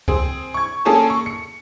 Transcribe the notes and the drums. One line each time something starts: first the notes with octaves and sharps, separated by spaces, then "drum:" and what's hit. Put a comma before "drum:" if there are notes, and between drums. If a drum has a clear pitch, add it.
C4 G#4, drum: kick C#2
C#6 G#6
A#3 C#4 G#4 A4 G#5 A5
C#6
C#7